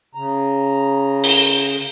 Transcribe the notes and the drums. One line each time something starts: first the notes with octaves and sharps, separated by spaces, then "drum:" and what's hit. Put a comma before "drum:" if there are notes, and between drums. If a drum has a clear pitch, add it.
C#3 A#5
drum: open hi-hat